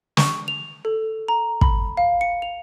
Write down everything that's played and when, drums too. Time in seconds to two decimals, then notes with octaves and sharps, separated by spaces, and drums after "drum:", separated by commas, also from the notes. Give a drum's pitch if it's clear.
0.17 C#6, drum: snare
0.48 F7
0.85 A4
1.28 A#5
1.61 B5, drum: kick
1.97 F5
2.21 C#7
2.42 F7